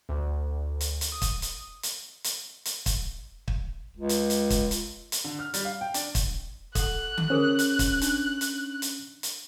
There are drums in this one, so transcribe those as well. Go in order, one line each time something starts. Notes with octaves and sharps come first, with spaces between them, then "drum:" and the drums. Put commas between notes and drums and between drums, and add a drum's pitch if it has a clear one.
D2
drum: hi-hat
drum: hi-hat
D#6
drum: kick, hi-hat
drum: hi-hat
drum: hi-hat
drum: hi-hat
drum: hi-hat
drum: kick, hi-hat
drum: kick
C#2
drum: hi-hat
drum: hi-hat
drum: kick, hi-hat
drum: hi-hat
drum: hi-hat
D3
F6
G3, drum: hi-hat
F5
G5
D4, drum: hi-hat
drum: kick, hi-hat
A4 F#5 F#6, drum: kick, hi-hat
drum: tom D3
C#4 G#4 A#4 C5
drum: hi-hat
drum: kick, hi-hat
D4, drum: hi-hat
drum: hi-hat
drum: hi-hat
drum: hi-hat